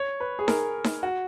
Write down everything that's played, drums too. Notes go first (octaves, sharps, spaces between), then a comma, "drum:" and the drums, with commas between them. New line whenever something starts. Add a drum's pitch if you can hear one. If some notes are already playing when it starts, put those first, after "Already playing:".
Already playing: C#5
B4
G#4
A#4, drum: snare D#4
drum: snare D#4
F#4